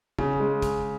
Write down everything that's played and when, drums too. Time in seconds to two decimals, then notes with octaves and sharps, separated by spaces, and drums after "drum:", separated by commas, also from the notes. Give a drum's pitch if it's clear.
0.19 C#3, drum: kick
0.40 G#3
0.62 drum: kick, hi-hat